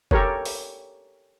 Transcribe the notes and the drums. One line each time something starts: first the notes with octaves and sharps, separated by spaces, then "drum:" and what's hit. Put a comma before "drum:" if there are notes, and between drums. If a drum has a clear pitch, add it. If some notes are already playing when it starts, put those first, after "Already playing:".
G4 A4 A#4 C#5, drum: kick
drum: open hi-hat